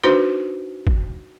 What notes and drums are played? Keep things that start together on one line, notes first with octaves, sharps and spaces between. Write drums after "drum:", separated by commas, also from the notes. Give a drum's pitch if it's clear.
D4 D#4 F#4 B4 C5
drum: kick G#1